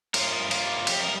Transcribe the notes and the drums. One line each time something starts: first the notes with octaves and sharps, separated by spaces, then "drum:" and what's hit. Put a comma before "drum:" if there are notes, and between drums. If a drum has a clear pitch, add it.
G2 F4 A#4, drum: cymbal
G2
F4 A#4, drum: cymbal
G3
F2 G4, drum: cymbal
A#4